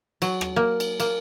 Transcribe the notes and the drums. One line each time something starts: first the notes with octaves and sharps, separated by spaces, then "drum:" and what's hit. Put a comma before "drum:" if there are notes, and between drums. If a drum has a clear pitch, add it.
F#3, drum: cymbal
drum: rim click
A#3
drum: cymbal
A#3, drum: cymbal